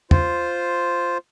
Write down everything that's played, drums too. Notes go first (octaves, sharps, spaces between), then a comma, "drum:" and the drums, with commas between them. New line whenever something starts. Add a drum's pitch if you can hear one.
F4 C5, drum: tom